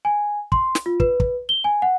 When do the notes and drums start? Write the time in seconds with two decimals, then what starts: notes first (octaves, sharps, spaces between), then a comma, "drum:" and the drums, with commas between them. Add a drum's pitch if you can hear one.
0.05 G#5
0.52 C6, drum: kick
0.75 drum: snare
0.86 F4
1.00 B4, drum: kick
1.20 drum: kick
1.49 G7
1.64 G#5
1.82 F#5